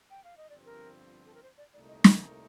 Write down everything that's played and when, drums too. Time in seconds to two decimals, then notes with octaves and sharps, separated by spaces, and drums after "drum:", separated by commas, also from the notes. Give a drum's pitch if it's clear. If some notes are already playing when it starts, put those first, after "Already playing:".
0.10 G5
0.24 F5
0.37 D#5
0.49 G1 G2 F3 C4 D5
0.65 A#4
1.26 A4
1.34 A#4
1.43 C5
1.58 D5
1.73 C2 A#2 A3 D#4 A#4 D5
1.88 D#5
2.04 C5, drum: snare
2.19 A4